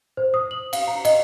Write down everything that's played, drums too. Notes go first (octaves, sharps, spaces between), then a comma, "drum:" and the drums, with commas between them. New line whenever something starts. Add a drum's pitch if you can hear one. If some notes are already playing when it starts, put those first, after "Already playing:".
C5
D#6
F#7
F5, drum: cymbal
A#5
D#5, drum: cymbal